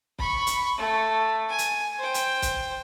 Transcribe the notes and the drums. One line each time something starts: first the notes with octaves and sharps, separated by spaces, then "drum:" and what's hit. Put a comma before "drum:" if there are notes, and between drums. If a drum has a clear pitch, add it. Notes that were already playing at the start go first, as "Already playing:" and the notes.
B5 C#6, drum: kick
drum: hi-hat
A3
G#5
drum: hi-hat
C5 G5
drum: hi-hat
drum: kick, hi-hat